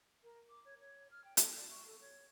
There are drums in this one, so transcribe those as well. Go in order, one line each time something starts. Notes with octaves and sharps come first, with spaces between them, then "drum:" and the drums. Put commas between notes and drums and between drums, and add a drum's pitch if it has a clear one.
A#4
D6
C#5
C#5
F6
G5
A4, drum: hi-hat
D5
C#6
A4
C#5